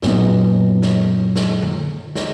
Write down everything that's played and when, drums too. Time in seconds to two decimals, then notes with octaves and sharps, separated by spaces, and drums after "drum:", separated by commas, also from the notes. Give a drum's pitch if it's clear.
0.02 F#2 A#2 B3 D#4, drum: snare
0.82 drum: snare
1.36 drum: snare
1.62 drum: tom D3
2.15 drum: snare